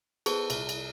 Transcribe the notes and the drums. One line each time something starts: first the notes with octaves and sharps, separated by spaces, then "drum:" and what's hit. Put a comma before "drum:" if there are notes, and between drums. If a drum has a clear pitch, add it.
B3 G#4 A4 C5, drum: cymbal
C2, drum: cymbal
drum: cymbal